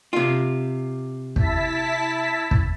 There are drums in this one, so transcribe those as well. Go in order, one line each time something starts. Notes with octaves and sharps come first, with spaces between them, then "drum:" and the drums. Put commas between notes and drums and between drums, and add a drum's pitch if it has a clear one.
C3 F4
E4 A5 B6, drum: kick
drum: kick